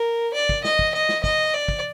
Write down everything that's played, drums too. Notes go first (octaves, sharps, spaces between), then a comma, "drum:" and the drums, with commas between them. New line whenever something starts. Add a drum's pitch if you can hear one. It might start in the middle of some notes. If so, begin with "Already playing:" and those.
Already playing: A#4
D5
drum: kick
D#5, drum: snare
drum: kick
D#5
drum: snare
D#5, drum: kick
D5
drum: kick